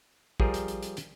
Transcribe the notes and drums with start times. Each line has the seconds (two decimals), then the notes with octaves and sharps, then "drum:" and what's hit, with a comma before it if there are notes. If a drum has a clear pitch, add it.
0.40 F3 G3 G#4 A#4, drum: kick A1
0.54 drum: hi-hat
0.68 drum: hi-hat
0.83 drum: hi-hat
0.97 drum: hi-hat